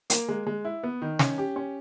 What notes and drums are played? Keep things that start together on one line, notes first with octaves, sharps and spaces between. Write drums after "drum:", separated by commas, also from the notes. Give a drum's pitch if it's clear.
A#3, drum: hi-hat
G#3
G#3
E4
B3
D#3
C#4, drum: snare
G4
C#4